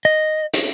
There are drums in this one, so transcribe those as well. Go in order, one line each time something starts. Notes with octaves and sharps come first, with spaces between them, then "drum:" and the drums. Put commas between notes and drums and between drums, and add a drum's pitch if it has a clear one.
D#5
drum: hi-hat